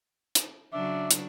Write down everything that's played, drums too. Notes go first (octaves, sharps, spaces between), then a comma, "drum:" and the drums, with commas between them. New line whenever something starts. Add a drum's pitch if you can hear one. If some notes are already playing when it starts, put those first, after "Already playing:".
drum: hi-hat
C#3 F#3 D4 E5 D6
drum: hi-hat